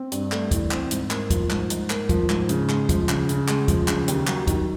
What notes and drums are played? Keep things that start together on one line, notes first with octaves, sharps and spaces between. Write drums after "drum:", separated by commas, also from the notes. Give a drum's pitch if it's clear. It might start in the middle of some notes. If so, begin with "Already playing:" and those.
Already playing: C4
G2, drum: hi-hat
A3, drum: clap
E3, drum: kick, hi-hat
C4, drum: clap
G#2, drum: hi-hat
A#3, drum: clap
F3, drum: kick, hi-hat
G#2, drum: clap
G#2, drum: hi-hat
A#3, drum: clap
F3, drum: kick, hi-hat
G#2, drum: clap
C#3, drum: hi-hat
G#3, drum: clap
F3, drum: kick, hi-hat
C#3, drum: clap
C#3, drum: hi-hat
G#3, drum: clap
F3, drum: kick, hi-hat
C#3, drum: clap
D#2, drum: hi-hat
F#3, drum: clap
D#3, drum: kick, hi-hat